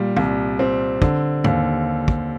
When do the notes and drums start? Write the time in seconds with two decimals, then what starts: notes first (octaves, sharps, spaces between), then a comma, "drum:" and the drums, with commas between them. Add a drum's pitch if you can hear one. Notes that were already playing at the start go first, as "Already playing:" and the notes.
Already playing: A#2 G3
0.16 C2, drum: tom
0.59 C4
1.02 D3, drum: kick
1.44 D#2, drum: tom
2.08 drum: kick